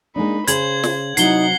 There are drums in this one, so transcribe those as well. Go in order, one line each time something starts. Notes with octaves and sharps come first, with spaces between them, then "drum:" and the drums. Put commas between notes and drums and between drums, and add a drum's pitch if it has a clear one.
G#3 A#3 D4 D#4 B5
C#3 G#4 C5 G#6 F#7, drum: hi-hat
drum: snare
C3 F#3 D#4 E4 F#5 C7 G7, drum: hi-hat